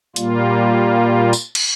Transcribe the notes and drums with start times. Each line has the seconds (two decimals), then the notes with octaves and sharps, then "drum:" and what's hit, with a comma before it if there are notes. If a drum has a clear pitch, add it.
0.16 A#2 G3 A#3 F4, drum: hi-hat
1.33 drum: tambourine
1.55 drum: cymbal